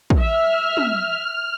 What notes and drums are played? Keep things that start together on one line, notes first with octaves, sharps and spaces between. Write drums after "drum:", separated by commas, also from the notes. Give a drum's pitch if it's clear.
drum: kick
E5 F6
drum: tom